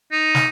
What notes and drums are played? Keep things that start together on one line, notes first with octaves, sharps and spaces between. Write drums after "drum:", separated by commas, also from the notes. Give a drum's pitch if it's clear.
D#4
drum: snare